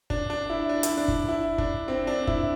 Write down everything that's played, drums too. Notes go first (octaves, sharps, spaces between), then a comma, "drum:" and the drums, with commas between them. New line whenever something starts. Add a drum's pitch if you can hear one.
D4, drum: kick F#1
D4
E4
D4
E4, drum: hi-hat
D4
drum: kick F#1
E4
D4, drum: kick F#1
C4
D4
E4, drum: kick F#1